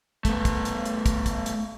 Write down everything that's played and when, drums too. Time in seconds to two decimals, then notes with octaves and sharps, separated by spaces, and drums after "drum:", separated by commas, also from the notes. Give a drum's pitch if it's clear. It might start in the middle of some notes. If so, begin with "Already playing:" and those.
0.25 A3 B3, drum: kick, hi-hat
0.45 drum: kick, hi-hat
0.65 drum: hi-hat
0.85 drum: hi-hat
1.06 drum: kick, hi-hat
1.26 drum: kick, hi-hat
1.46 drum: hi-hat